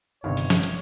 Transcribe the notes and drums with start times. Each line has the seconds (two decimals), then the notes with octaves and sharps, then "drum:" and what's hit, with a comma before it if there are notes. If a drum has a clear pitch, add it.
0.24 G1 G2 C3 D#3 G3 C#5
0.37 drum: open hi-hat
0.50 drum: snare
0.63 drum: hi-hat